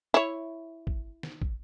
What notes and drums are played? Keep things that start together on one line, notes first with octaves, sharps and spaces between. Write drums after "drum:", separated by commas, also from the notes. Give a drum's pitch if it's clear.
E4 C#5
drum: kick
drum: snare
drum: kick